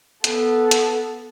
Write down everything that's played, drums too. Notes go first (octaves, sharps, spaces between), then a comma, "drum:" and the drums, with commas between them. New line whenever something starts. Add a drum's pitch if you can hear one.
B3 A4, drum: hi-hat
drum: hi-hat